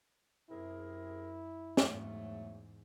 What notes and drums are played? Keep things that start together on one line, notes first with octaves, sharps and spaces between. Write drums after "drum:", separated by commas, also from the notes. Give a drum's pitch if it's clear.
F#2 C3 E4 G#4 A#4
E2 G#2 F#3 A3, drum: snare